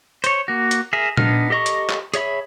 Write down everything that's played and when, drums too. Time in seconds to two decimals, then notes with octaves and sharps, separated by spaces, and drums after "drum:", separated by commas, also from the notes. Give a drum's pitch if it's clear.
0.24 C5 C#5, drum: hi-hat
0.48 A#3 F#4
0.71 drum: hi-hat
0.93 G#4 A#4 E5
1.17 B3 D4 D#4 F6, drum: tom A#2
1.50 G4 A4 D#5 A#5 C#6
1.66 drum: hi-hat
1.90 drum: clap
2.14 G#4 C#5 E5 B5, drum: hi-hat